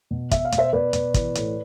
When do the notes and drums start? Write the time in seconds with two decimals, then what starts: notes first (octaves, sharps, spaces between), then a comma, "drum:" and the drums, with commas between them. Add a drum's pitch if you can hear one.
0.11 B2
0.31 B2 E5, drum: kick, hi-hat
0.45 F5
0.52 B2, drum: hi-hat
0.58 C5 E5
0.73 B2 B4 D5
0.93 B2, drum: hi-hat
1.14 E3, drum: kick, hi-hat
1.35 A2, drum: hi-hat